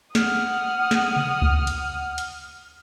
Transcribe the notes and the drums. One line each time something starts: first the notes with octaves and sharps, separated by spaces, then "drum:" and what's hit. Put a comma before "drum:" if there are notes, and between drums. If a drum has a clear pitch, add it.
F#5 D#6 F6, drum: snare
drum: snare
drum: tom C3
drum: kick C#2
drum: hi-hat
drum: hi-hat